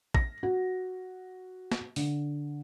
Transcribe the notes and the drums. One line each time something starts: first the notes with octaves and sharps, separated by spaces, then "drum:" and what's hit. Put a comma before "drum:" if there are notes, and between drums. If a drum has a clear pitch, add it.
A#6, drum: kick A#1
F#4
drum: snare
D3, drum: open hi-hat